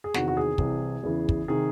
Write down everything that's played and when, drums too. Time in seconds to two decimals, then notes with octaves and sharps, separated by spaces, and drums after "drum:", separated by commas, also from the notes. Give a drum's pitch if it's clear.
0.04 G#4
0.14 E2 C3 D#3 F#4, drum: snare
0.28 F#4
0.37 G#4
0.58 C2 C3 E3, drum: kick
1.03 E2 C#3 E3
1.29 drum: kick
1.48 C3 D#3 G#4